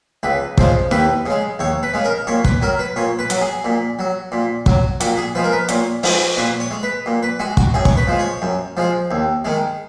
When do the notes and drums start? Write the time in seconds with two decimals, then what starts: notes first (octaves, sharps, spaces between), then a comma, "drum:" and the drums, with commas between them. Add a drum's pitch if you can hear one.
0.23 C#2 B4
0.58 C#3 F3 G#3, drum: kick
0.91 D#2 B4, drum: snare
1.26 C#3 G#3
1.59 D#2 C#5
1.83 B4
1.94 C#3 G#3
2.05 A#4
2.27 A#2 C#5
2.44 B4, drum: kick
2.62 F#3 A#4
2.79 B4
2.96 A#2 C#5
3.19 B4
3.30 F#3, drum: hi-hat
3.41 G#4
3.64 A#2
3.99 F#3
4.32 A#2
4.66 F#3, drum: kick
5.00 A#2 F#4, drum: hi-hat
5.17 G#4
5.35 F3 G#3 B4
5.44 A#4
5.52 B4
5.69 A#2 C#5, drum: hi-hat
6.03 F3 G#3, drum: open hi-hat
6.37 A#2 B4
6.60 C#5
6.71 G#3
6.83 B4
7.06 A#2
7.23 B4
7.39 G#3 F#4
7.57 F#4, drum: kick
7.74 F#2 G#4
7.85 C#5, drum: kick
7.97 B4
8.07 F3 G#3
8.19 C#5
8.42 F#2
8.77 F3 G#3
9.11 D#2
9.45 D#3 G#3